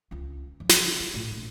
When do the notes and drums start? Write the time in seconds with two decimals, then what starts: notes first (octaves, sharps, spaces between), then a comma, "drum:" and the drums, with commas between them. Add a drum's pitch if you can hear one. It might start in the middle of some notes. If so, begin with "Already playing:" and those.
0.11 C#2 F4
0.60 F3
0.69 drum: snare
1.00 F4
1.14 A2
1.31 A#1